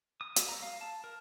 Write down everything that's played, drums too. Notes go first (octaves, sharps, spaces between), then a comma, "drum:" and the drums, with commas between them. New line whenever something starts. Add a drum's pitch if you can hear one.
D#6
A4, drum: hi-hat
A#5
F5
A5
A#4